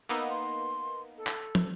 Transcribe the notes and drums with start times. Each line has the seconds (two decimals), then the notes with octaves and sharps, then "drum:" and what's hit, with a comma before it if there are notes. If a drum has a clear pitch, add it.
0.09 A#3 B3 D#4 E6
0.29 C6
1.17 A4
1.27 drum: clap
1.55 drum: tom